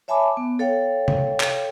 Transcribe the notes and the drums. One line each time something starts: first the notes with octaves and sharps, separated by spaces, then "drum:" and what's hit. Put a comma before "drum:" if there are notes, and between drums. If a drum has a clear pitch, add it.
C#5 E5 G#5 A5 B5 D6
B3
A4 C#5 F5 G5
drum: tom C3
drum: clap